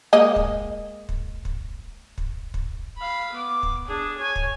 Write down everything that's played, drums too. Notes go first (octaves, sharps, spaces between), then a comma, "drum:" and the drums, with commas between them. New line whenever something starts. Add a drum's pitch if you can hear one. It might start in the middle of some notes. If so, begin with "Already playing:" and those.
G#3 A#3 D#5
drum: kick
drum: kick
drum: kick
drum: kick
drum: kick
F5 B5
B3 D6
drum: kick
D4 G#4
C#5 G#5
drum: kick